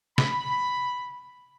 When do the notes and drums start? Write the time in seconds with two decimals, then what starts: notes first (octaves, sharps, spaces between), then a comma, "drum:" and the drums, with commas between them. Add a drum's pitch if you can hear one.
0.18 B5, drum: snare